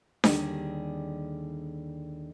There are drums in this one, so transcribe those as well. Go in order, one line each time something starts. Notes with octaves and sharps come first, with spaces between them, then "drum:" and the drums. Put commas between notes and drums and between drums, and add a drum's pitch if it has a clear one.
D#2 D3 D#3 G3 G#4 G#5, drum: snare D4